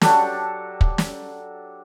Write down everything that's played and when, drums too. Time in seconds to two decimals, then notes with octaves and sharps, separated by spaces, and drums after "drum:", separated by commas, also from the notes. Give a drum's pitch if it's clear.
0.01 F#3 D4 G4 A4, drum: snare
0.81 drum: kick
0.98 drum: snare